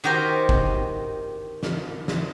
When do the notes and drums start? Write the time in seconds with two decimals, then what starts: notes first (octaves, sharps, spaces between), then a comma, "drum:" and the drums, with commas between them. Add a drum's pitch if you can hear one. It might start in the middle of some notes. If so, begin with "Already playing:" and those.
0.04 D#3 F#4 G4 A#4 C5
0.49 drum: kick
1.63 drum: snare
2.08 drum: snare